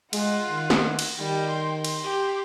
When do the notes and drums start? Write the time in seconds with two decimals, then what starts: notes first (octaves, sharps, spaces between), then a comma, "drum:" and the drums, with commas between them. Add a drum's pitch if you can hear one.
0.13 G#3 F4 F#5, drum: cymbal
0.49 D#3
0.70 drum: snare
0.99 drum: cymbal
1.19 D#3 G3 G5
1.50 C6
1.84 drum: cymbal
2.04 G4